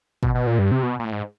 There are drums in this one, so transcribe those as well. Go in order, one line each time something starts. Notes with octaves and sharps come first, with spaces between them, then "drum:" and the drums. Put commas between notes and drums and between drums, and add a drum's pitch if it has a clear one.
B2, drum: kick
B2
A#2
G2
C3
B2
A#2
A2
G#2